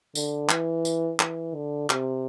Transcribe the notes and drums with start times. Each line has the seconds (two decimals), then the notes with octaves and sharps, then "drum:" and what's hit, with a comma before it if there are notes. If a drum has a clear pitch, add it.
0.15 D3, drum: tambourine
0.49 E3, drum: clap
0.85 drum: tambourine
1.20 E3, drum: clap
1.55 D3
1.90 C3, drum: clap